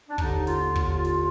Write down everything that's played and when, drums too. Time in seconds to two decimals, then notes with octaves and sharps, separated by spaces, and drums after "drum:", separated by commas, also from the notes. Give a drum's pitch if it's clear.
0.09 D4
0.18 D#2 D3 D#4, drum: kick
0.47 F4, drum: snare
0.75 F4, drum: kick
1.04 drum: snare